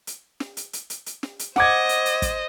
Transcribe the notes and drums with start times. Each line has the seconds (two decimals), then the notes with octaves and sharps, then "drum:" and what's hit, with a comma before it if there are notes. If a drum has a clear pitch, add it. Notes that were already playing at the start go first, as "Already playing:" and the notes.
0.07 drum: hi-hat
0.40 drum: snare
0.57 drum: hi-hat
0.73 drum: hi-hat
0.90 drum: hi-hat
1.06 drum: hi-hat
1.23 drum: snare
1.39 drum: hi-hat
1.56 C5 D#5 F#5 D6 G#6, drum: snare
1.89 drum: hi-hat
2.06 drum: hi-hat
2.22 drum: kick, hi-hat